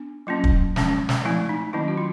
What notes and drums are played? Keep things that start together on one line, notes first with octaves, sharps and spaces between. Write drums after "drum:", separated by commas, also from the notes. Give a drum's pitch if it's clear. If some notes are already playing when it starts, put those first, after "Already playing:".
Already playing: B3 D4
F#3 A#3 C#4 F4
drum: kick
F3 G#3 C#4, drum: snare
drum: snare
F3 A3 C4 E4
D#4
D#3 F#3 A#3 C#4 E4
F#4
F4